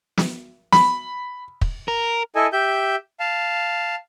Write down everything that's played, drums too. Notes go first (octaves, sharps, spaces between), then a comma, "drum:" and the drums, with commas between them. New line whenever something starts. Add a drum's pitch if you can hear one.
drum: snare
B5, drum: snare
drum: kick
A#4
E4 A4 D#5 G#5
G4 E5 G6
F5 A5